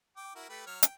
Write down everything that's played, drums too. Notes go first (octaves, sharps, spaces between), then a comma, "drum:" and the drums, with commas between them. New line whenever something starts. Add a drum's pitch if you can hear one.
G5 D6
E4 F#4 A#4
A3 G4 B4
F#3 C#5 F6
G5, drum: hi-hat